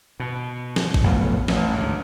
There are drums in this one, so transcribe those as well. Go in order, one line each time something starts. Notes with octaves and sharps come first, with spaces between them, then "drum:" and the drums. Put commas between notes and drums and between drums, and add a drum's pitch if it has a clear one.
B2
drum: snare
drum: kick A1
B1 F2 A2 B3
A1, drum: snare
D2 G#2